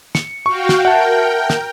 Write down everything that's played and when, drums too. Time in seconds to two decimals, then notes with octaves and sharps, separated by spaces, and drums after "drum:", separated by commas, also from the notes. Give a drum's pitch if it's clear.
0.15 C#7, drum: snare
0.46 F#4 F5 G5 C#6
0.69 drum: snare
0.85 A#4 E5 F#5 G5 A5
1.50 drum: snare